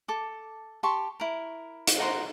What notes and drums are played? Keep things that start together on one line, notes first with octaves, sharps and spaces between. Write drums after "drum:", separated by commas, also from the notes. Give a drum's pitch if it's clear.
A4 D6
G4 A5 C6 C#6
E4 A#4
drum: hi-hat
D#4 F#4 A#4 C6